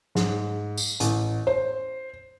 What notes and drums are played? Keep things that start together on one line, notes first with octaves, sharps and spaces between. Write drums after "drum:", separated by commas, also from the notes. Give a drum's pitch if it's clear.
G#2, drum: snare
drum: tambourine
A1, drum: hi-hat
C5